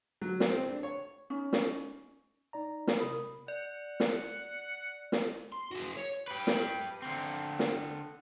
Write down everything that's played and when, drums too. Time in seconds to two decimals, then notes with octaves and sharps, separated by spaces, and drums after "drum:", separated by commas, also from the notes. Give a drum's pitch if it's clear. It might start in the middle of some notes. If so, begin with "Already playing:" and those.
0.22 F#3
0.40 drum: snare
0.51 C4
0.69 D4
0.83 C#5
1.30 C#4 D#4
1.53 drum: snare
2.53 D#4 D5 A#5
2.87 drum: snare
2.99 C3 A#4 B5 D#6
3.48 D5 F#5
4.00 drum: snare
5.12 drum: snare
5.52 C6
5.71 F#4 G#4
5.97 C#5
6.28 G4 B4
6.47 drum: snare
7.02 D3 C4
7.59 drum: snare